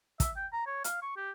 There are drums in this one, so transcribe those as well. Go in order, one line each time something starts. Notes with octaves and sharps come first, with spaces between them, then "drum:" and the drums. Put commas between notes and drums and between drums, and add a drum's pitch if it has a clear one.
E5, drum: kick, hi-hat
G5
A#5
C#5
F5, drum: hi-hat
C#6
G4